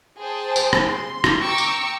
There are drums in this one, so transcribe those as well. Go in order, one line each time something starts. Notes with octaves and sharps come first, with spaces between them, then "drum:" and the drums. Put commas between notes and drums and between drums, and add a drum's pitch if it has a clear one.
G#4 C5 G5 A5
drum: tambourine
drum: rim click
C6
drum: rim click
G5 A#5 C#6 D6 E6
drum: tambourine